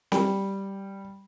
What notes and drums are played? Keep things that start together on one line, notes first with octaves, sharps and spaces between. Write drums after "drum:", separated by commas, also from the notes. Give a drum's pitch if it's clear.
G3, drum: snare C4